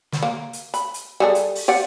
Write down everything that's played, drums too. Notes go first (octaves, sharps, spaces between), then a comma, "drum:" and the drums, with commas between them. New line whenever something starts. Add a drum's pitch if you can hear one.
drum: snare
A#3
drum: hi-hat
B5, drum: hi-hat
drum: hi-hat
G3 G#4 A4
drum: hi-hat
drum: open hi-hat
G4 D5 F#5